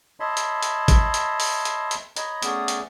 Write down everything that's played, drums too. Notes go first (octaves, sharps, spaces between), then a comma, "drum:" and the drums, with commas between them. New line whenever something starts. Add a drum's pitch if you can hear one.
C#5 D#5 E5 A5 B5 C6
drum: hi-hat
drum: hi-hat
drum: kick G#1, hi-hat
drum: hi-hat
drum: open hi-hat
drum: hi-hat
drum: hi-hat
C#5 D#5 A#5 B5, drum: hi-hat
A3 B3 C#4 G#4 D5 D#6, drum: hi-hat
drum: hi-hat